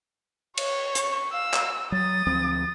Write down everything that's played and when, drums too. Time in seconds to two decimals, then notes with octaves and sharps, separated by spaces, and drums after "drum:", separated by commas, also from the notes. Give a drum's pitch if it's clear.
0.57 C#5, drum: cymbal
0.95 C#6, drum: hi-hat
1.33 F5 E6
1.54 drum: clap
1.92 F#3 D#6 A6
2.27 D2 F3 C4